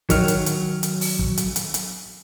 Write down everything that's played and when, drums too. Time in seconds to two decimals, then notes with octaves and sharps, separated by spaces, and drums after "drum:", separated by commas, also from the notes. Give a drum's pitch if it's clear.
0.10 D#3 F#3 F6, drum: kick, hi-hat
0.28 drum: hi-hat
0.46 drum: hi-hat
0.83 drum: hi-hat
1.01 drum: open hi-hat
1.19 drum: kick
1.37 drum: hi-hat
1.56 drum: hi-hat
1.74 drum: hi-hat